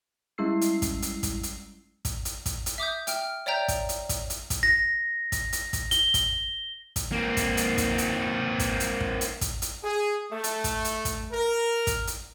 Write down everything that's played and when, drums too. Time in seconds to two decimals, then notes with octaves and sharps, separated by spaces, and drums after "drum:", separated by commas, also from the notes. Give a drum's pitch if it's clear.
0.38 G3 G#3 C#4 E4 E6 C7
0.61 drum: hi-hat
0.82 drum: kick, hi-hat
1.02 drum: hi-hat
1.23 drum: kick, hi-hat
1.43 drum: hi-hat
2.05 drum: kick, hi-hat
2.25 drum: hi-hat
2.46 drum: kick, hi-hat
2.66 drum: hi-hat
2.78 E5 D6 D#6 G6
3.07 E5 G5 F6, drum: hi-hat
3.46 C#5 D5 E5 G5 A#5 G6
3.68 drum: kick, hi-hat
3.89 drum: hi-hat
4.09 drum: kick, hi-hat
4.30 drum: hi-hat
4.50 drum: kick, hi-hat
4.63 A#6
5.32 drum: kick, hi-hat
5.53 drum: hi-hat
5.73 drum: kick, hi-hat
5.91 G7, drum: hi-hat
6.14 drum: kick, hi-hat
6.96 drum: kick, hi-hat
7.12 A#3 C4
7.37 drum: kick, hi-hat
7.57 drum: hi-hat
7.78 drum: kick, hi-hat
7.98 drum: hi-hat
8.59 drum: kick, hi-hat
8.80 drum: hi-hat
9.00 drum: kick
9.21 drum: hi-hat
9.41 drum: kick, hi-hat
9.62 drum: hi-hat
9.84 G#4
10.32 A3
10.44 drum: hi-hat
10.64 drum: kick, hi-hat
10.85 drum: hi-hat
11.05 drum: kick, hi-hat
11.32 A#4
11.87 drum: kick, hi-hat
12.07 drum: hi-hat